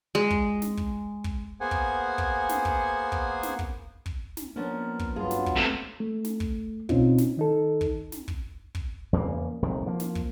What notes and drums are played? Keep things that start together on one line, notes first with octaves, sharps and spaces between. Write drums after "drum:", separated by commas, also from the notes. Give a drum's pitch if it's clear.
G#3
drum: kick
drum: snare
drum: kick
drum: kick
A#3 B3 G#4 C5 F#5 G#5
drum: kick
drum: kick
drum: snare
drum: kick
drum: kick
drum: snare
drum: kick
drum: kick
drum: snare
F3 A#3 B3 C#4 D4 A#4
drum: kick
G2 F#3 B3 F4 G#4 F5
drum: snare
drum: kick
C3 A3
A3
drum: snare
drum: kick
B2 C4 C#4 D#4 F4, drum: kick
drum: snare
D#3 D#4 A4
drum: kick
drum: snare
drum: kick
drum: kick
E2 C#3 A3 A#3
F1 C2 A#2 D#3
F3 A#3
drum: snare
drum: kick